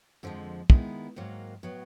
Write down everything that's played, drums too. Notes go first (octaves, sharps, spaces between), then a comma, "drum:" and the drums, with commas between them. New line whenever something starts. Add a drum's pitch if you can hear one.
F2 D3 F3 G#3
D#3 G#3 B3 E4, drum: kick
G#2 D#3 F#3 A#3
A2 F#3 B3